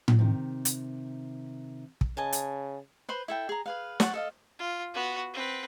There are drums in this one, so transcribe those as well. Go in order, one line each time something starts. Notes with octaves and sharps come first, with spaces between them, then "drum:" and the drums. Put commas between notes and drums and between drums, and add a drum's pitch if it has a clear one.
drum: tom A2
C3 D#3
drum: hi-hat
drum: kick
C#3 D#5 G#5 A5
drum: hi-hat
B4 C5 B5 C6
E4 A4 G5
G#4 A#5
G#4 B4 F5
C#5 D5 F#5 A5, drum: snare
A4 D#5 F5
F4
B3 F#4
C4 B4